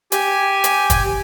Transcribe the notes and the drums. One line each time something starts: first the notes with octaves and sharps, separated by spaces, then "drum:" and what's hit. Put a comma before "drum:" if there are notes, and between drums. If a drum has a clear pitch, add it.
G4 G#5, drum: hi-hat
drum: hi-hat
drum: kick, hi-hat